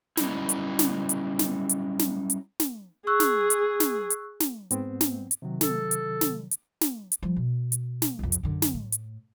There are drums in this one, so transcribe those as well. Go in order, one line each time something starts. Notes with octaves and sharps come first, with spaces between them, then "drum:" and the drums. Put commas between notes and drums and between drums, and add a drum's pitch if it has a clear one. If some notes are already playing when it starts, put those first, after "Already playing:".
F#3 G3 C#4 D#4 E4, drum: snare
drum: hi-hat
drum: snare
drum: hi-hat
drum: snare
drum: hi-hat
drum: snare
drum: hi-hat
drum: snare
G#4 C#6 E6 F#6
drum: snare
drum: hi-hat
drum: snare
drum: hi-hat
drum: snare
G#2 B3 C4, drum: hi-hat
drum: snare
drum: hi-hat
C3 D#3 F#3
A4, drum: snare
drum: hi-hat
drum: snare
drum: hi-hat
drum: snare
drum: hi-hat
F3 G3
B2
drum: hi-hat
drum: snare
C2 F2
drum: hi-hat
F#2 D3
drum: snare
A2
drum: hi-hat